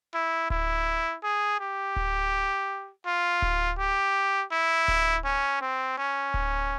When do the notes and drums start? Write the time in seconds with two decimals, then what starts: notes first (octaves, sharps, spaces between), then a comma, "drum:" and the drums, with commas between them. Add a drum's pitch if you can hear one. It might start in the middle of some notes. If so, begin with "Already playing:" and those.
0.14 E4
0.50 E4, drum: kick D1
1.23 G#4
1.60 G4
1.96 drum: kick D1
3.06 F4
3.42 drum: kick D1
3.79 G4
4.52 E4
4.88 drum: kick D1
5.25 C#4
5.61 C4
5.98 C#4
6.34 drum: kick D1